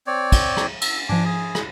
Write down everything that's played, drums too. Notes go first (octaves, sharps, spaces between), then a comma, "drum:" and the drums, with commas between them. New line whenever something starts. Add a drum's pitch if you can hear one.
C4 C#5 D5
drum: kick, cymbal
drum: rim click
E6, drum: cymbal
G#2 F3 D4 G#5 D6
G#4
drum: rim click